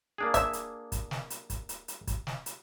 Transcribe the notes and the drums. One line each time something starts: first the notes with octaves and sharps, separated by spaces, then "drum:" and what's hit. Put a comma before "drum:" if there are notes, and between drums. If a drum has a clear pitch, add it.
A#3 D4 G#4
E5, drum: kick, hi-hat
drum: hi-hat
drum: kick, hi-hat
drum: snare
drum: hi-hat
drum: kick, hi-hat
drum: hi-hat
drum: hi-hat
drum: kick, hi-hat
drum: snare
drum: hi-hat